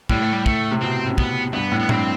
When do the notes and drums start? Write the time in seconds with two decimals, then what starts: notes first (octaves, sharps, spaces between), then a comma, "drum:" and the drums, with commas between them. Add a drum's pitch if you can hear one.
0.09 A2 G3, drum: kick
0.22 A3
0.33 G3
0.46 A3, drum: kick
0.71 C3
0.82 B2 C4
1.06 A2
1.18 B3, drum: kick
1.53 G2 B3
1.72 A2
1.80 B3
1.89 G2 C4, drum: tom A2